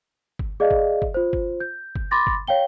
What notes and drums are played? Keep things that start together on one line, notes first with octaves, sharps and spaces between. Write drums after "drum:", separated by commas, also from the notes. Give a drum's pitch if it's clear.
drum: kick G1
G#4 D5 D#5 F5
drum: kick G1
drum: kick G1
F4 C5
drum: kick G1
G6
drum: kick G1
B5 C6 D6 A6 A#6
drum: kick G1
C#5 F5 G5 G7